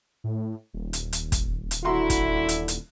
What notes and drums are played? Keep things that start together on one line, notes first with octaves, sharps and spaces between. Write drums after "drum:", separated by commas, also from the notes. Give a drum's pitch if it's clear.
A2
D#1
drum: hi-hat
drum: hi-hat
drum: kick, hi-hat
drum: hi-hat
D3 E4 F#4 A#5 C6
drum: kick, hi-hat
drum: hi-hat
drum: hi-hat